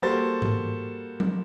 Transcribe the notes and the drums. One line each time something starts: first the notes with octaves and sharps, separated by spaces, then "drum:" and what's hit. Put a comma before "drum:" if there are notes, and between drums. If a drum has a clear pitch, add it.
G3 A#3 F#4 A4 C5 A6
drum: tom G#2
drum: tom F#3